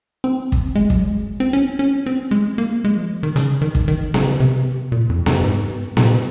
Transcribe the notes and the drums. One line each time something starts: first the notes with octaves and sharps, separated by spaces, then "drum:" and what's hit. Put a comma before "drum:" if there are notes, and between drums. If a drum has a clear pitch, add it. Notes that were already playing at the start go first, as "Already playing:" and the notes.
C4
drum: kick
G#3
F#3, drum: kick
G#3
C4
C#4
C#4
C4
G#3
A#3
G#3
F3
D#3
C#3, drum: hi-hat
D#3
drum: kick
D#3
C#3, drum: snare B3
C3
A#2
F2
F#2, drum: snare B3
G#2
A#2, drum: snare B3